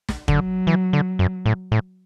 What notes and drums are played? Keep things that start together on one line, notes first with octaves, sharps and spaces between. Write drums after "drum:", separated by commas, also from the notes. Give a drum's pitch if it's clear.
drum: snare
D3 F#3, drum: kick
E3
D3
F#2
A2
A2